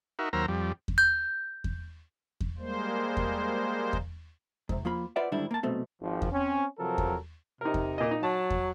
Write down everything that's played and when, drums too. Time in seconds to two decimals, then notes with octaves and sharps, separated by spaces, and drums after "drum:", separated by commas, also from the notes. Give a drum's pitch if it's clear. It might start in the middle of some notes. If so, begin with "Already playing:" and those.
0.19 D#4 F#4 A#4 E5
0.33 D#2 F#3 A#4 C5 A#5 E6
0.48 F2 G3
0.88 drum: kick E2
0.98 G6
1.64 drum: kick E2
2.41 drum: kick E2
2.58 G3 G#3 A#3 C5
3.17 drum: kick E2
3.93 drum: kick E2
4.69 G#2 C3, drum: kick E2
4.85 F3 A#3 F4 B5
5.16 F4 B4 C5 D5 E5 F#5
5.32 G#2 D3 D#3 G3 D4 E4
5.51 A#3 A5
5.63 C2 F#2 B2 A3 C4
6.01 G#1 F3
6.22 drum: kick E2
6.32 C4 C#4
6.79 C3 F3 F#3 A4 A#4
6.98 drum: kick E2
7.61 C3 D#4 A#4
7.74 drum: kick E2
7.98 A#2 D#5
8.11 D#4
8.23 F#3 A5
8.50 drum: kick E2